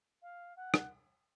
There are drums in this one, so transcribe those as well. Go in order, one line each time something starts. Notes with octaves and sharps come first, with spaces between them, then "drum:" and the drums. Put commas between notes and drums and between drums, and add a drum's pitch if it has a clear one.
F5
F#5
drum: rim click